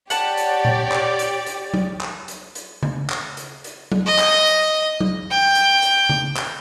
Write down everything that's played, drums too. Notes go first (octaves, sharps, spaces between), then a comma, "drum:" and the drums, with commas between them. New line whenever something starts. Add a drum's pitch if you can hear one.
G4 C#5 D5 F#5 A5, drum: hi-hat
drum: hi-hat
drum: tom A#2
drum: clap
drum: hi-hat
drum: hi-hat
drum: tom F#3
drum: clap
drum: hi-hat
drum: hi-hat
drum: tom C#3
drum: clap
drum: hi-hat
drum: hi-hat
drum: tom F#3
D#5
drum: clap
drum: hi-hat
drum: tom F#3
G5
drum: hi-hat
drum: hi-hat
drum: tom C#3
drum: clap